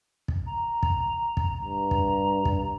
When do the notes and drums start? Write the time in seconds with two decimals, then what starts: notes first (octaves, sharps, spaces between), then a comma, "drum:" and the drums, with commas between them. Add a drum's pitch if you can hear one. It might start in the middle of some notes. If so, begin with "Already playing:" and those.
0.28 drum: kick
0.46 A#5
0.83 drum: kick
1.37 drum: kick
1.61 G2 A#5
1.91 drum: kick
2.45 drum: kick